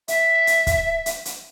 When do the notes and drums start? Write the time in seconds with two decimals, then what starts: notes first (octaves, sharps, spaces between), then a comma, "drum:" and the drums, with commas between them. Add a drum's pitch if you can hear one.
0.08 E5, drum: hi-hat
0.47 drum: hi-hat
0.67 drum: kick, hi-hat
1.06 drum: hi-hat
1.25 drum: hi-hat